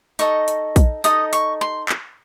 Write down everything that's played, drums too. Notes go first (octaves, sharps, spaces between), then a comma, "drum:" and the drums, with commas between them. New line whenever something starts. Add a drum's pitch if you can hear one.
D#4 A4 D#5 C#6, drum: hi-hat
drum: hi-hat
drum: kick A#1, hi-hat
D#4 A4 D#5 D#6, drum: hi-hat
C#6, drum: hi-hat
C6
drum: clap